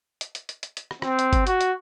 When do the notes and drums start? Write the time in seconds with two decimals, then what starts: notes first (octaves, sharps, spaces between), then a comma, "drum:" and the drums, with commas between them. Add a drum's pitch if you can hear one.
0.21 drum: hi-hat
0.35 drum: hi-hat
0.49 drum: hi-hat
0.63 drum: hi-hat
0.77 drum: hi-hat
0.91 drum: rim click
1.02 C4, drum: rim click
1.19 drum: hi-hat
1.33 drum: kick G1, hi-hat
1.47 F#4, drum: hi-hat
1.61 drum: hi-hat